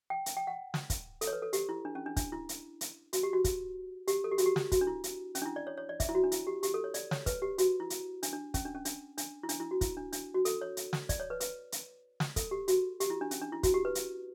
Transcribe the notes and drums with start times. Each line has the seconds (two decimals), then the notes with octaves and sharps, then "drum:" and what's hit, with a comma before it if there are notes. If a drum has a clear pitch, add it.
0.10 G5
0.26 drum: hi-hat
0.37 G5
0.47 F#5
0.74 drum: snare
0.90 drum: kick, hi-hat
1.21 A4, drum: hi-hat
1.27 C#5
1.33 B4
1.42 A4
1.53 G4, drum: hi-hat
1.69 E4
1.85 D4
1.95 C#4
2.06 D4
2.16 D4, drum: kick, hi-hat
2.32 E4
2.49 drum: hi-hat
2.81 drum: hi-hat
3.13 F#4, drum: hi-hat
3.23 G4
3.33 F#4
3.44 drum: kick, hi-hat
4.08 G4, drum: hi-hat
4.24 A4
4.31 G4
4.38 F#4, drum: hi-hat
4.46 G4
4.56 drum: snare
4.72 F#4, drum: kick, hi-hat
4.81 D4
4.87 E4
5.04 drum: hi-hat
5.35 C#4, drum: hi-hat
5.42 D4
5.45 E4
5.56 D5
5.67 C#5
5.77 C#5
5.89 D5
6.00 E5, drum: kick, hi-hat
6.09 E4
6.15 F#4
6.24 D4
6.32 E4, drum: hi-hat
6.47 G4
6.63 G4, drum: hi-hat
6.74 A4
6.84 C#5
6.94 D5, drum: hi-hat
7.11 C#5, drum: snare
7.26 B4, drum: kick, hi-hat
7.42 G4
7.58 F#4, drum: hi-hat
7.80 E4
7.90 drum: hi-hat
8.23 D4, drum: hi-hat
8.33 D4
8.54 C#4, drum: kick, hi-hat
8.65 D4
8.75 C#4
8.85 D4, drum: hi-hat
9.18 D4, drum: hi-hat
9.43 E4
9.49 D4, drum: hi-hat
9.60 E4
9.71 F#4
9.81 E4, drum: kick, hi-hat
9.97 D4
10.13 D4, drum: hi-hat
10.34 F#4
10.45 A4, drum: hi-hat
10.61 C#5
10.77 drum: hi-hat
10.93 drum: snare
11.09 D5, drum: kick, hi-hat
11.20 C#5
11.30 B4
11.40 B4, drum: hi-hat
11.72 drum: hi-hat
12.20 drum: snare
12.36 A4, drum: kick, hi-hat
12.51 G4
12.68 F#4, drum: hi-hat
13.00 G4, drum: hi-hat
13.10 E4
13.21 D4
13.31 C#4, drum: hi-hat
13.42 D4
13.52 E4
13.63 F#4, drum: kick, hi-hat
13.74 G4
13.85 B4
13.95 drum: hi-hat